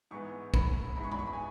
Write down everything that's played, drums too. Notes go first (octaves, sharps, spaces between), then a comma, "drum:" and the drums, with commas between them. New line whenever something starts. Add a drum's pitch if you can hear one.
G#2 E3 G#3 B3 C#6
B5, drum: kick
G#2 E3 G#3 B3 B5
C#6
B5, drum: tom F#2
C#6
B5
G#5